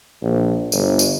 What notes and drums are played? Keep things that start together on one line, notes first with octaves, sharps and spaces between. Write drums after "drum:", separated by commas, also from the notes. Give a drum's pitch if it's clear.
A#1
G1, drum: tambourine
drum: tambourine